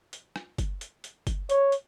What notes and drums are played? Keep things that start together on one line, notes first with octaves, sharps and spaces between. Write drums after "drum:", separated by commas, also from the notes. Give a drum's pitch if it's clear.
drum: hi-hat
drum: rim click
drum: kick F#1, hi-hat
drum: hi-hat
drum: hi-hat
drum: kick F#1, hi-hat
C#5, drum: hi-hat
drum: hi-hat